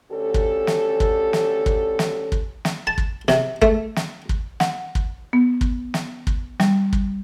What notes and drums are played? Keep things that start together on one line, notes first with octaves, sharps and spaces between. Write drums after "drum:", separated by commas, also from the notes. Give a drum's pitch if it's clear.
D2 C#4 G4 A4
drum: kick
drum: snare
drum: kick
drum: snare
drum: kick
drum: snare
drum: kick
drum: snare
A5
drum: kick
C3, drum: snare
A3, drum: kick
drum: snare
drum: kick
F#5, drum: snare
drum: kick
B3
drum: kick
drum: snare
drum: kick
G3, drum: snare
drum: kick